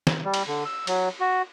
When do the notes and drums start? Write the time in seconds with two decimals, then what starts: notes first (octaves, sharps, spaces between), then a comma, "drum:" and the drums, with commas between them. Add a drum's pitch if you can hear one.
0.07 drum: snare
0.25 G3
0.34 drum: cymbal
0.48 D3
0.65 E6
0.87 F#3, drum: cymbal
1.20 F#4